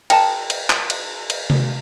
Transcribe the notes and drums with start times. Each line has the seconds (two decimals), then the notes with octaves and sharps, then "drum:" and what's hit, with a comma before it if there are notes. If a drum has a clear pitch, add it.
0.10 A#4 D#5 G5 A5, drum: cymbal
0.50 drum: cymbal
0.70 drum: clap
0.90 drum: cymbal
1.30 drum: cymbal
1.50 drum: tom C3